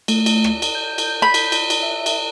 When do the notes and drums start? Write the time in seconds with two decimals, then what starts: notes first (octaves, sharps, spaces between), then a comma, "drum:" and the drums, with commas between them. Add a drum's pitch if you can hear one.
0.08 A3, drum: cymbal
0.26 drum: cymbal
0.44 drum: rim click
0.62 drum: cymbal
0.75 G6
0.98 drum: cymbal
1.22 B5
1.34 drum: cymbal
1.52 drum: cymbal
1.70 drum: cymbal
1.82 E5
2.06 drum: cymbal